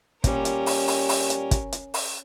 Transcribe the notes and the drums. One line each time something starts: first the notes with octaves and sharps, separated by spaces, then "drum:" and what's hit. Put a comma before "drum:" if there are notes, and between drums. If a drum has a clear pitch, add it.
A#2 G3 C#4 A#4, drum: kick, hi-hat
drum: hi-hat
drum: open hi-hat
drum: open hi-hat
drum: open hi-hat
drum: hi-hat
drum: kick, hi-hat
drum: hi-hat
drum: open hi-hat